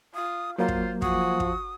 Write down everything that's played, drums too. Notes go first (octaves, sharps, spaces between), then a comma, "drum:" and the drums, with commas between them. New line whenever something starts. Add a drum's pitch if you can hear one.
F4 D#6
F#3 A#3 F4 C5
drum: kick
F3 F#4 D#6, drum: kick
drum: kick